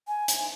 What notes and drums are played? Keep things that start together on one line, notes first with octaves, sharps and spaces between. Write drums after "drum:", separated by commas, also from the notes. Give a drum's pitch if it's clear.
G#5
drum: hi-hat